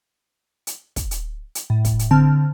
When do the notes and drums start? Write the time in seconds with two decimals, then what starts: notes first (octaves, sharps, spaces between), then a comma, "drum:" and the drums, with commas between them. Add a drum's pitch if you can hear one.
0.67 drum: hi-hat
0.96 drum: kick, hi-hat
1.11 drum: hi-hat
1.55 drum: hi-hat
1.70 A2
1.85 drum: kick, hi-hat
1.99 drum: hi-hat
2.11 D3 C4 A5 F6